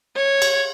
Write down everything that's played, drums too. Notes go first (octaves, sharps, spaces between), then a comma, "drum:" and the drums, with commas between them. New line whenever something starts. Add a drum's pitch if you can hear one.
C#5
drum: cymbal